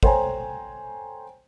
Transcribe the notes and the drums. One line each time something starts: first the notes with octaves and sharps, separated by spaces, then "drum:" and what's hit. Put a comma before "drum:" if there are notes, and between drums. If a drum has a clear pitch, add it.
A4 C5 C#5 G5 G#5 A#5, drum: kick